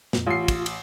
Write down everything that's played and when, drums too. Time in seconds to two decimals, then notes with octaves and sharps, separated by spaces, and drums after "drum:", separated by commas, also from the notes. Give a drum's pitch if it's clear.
0.13 F2 A#2, drum: snare
0.27 A1 F4 C7
0.48 drum: kick, cymbal
0.66 drum: cymbal